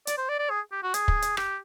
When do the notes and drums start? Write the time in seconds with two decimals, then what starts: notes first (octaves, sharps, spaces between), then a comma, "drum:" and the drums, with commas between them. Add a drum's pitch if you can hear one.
0.07 D5, drum: hi-hat
0.18 C5
0.29 D5
0.39 D5
0.50 G#4
0.72 G4
0.83 F#4
0.94 G#4, drum: hi-hat
1.08 drum: kick
1.22 drum: hi-hat
1.37 G4, drum: rim click